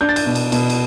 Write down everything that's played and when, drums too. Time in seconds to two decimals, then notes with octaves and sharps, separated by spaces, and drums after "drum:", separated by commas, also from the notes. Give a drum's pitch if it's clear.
0.01 D4 G6
0.09 A6
0.16 G6, drum: cymbal
0.26 B2
0.35 drum: cymbal
0.52 B2, drum: cymbal
0.70 drum: cymbal